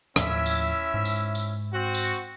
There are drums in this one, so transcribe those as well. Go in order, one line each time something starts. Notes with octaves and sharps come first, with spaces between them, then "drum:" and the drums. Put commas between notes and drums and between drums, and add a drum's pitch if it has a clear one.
D#2 A2 F3 C#4 E4 E5, drum: rim click
drum: tambourine
G#2
drum: tambourine
drum: tambourine
C4 F#4
drum: tambourine